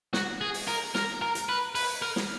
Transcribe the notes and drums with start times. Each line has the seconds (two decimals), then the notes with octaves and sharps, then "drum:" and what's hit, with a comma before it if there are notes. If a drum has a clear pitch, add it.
0.13 F#4, drum: snare
0.41 G#4
0.54 drum: open hi-hat
0.68 A#4
0.95 A#4, drum: snare
1.22 A#4
1.35 drum: hi-hat
1.49 B4
1.75 B4, drum: open hi-hat
2.02 A#4
2.16 drum: snare